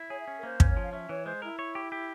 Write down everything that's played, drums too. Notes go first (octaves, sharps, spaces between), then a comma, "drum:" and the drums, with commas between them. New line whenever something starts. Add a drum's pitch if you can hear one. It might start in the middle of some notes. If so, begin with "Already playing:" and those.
Already playing: E4
G#4 C#5
E5
C#4
A#4
A#3 C5
C#4, drum: kick
C#5
F3
F5
C#4 E5
E3 C#5
G#3 C5
E4 A#4
C#5
G4
G4